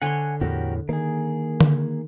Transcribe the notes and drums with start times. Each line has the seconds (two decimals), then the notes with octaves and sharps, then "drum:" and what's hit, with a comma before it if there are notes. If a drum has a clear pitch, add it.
0.02 D3 C#5 F#5 G#5 C6
0.41 E2 A2 F#4 G4 A#4
0.89 D#3 A#3 G#4
1.61 drum: tom D3